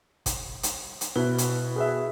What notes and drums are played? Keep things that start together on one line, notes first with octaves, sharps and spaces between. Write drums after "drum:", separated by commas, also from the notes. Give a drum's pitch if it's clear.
drum: kick, hi-hat
drum: hi-hat
drum: hi-hat
B2 E4 B4 G7
drum: hi-hat
G#4 B4 E5